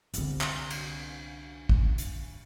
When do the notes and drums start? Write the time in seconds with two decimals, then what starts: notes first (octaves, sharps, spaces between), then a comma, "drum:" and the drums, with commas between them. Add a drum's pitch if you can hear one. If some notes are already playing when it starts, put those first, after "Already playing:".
0.14 C2 D3, drum: hi-hat
0.41 drum: clap
0.70 drum: cymbal
1.69 drum: kick
1.98 drum: hi-hat